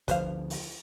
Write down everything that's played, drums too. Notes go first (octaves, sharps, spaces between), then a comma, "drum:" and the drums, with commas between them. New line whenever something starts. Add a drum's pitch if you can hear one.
D2 F3 B4 C5 F5, drum: kick, hi-hat
drum: open hi-hat